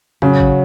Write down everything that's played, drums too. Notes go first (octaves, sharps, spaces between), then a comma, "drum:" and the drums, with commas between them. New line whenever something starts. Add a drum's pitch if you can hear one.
C#3 F#3, drum: tom F2
drum: kick G#1